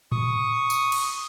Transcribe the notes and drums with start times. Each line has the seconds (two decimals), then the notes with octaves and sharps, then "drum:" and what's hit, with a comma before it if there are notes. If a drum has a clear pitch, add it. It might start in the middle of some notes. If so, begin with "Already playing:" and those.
0.12 C#6 D#6, drum: tom A2
0.70 drum: tambourine
0.92 drum: cymbal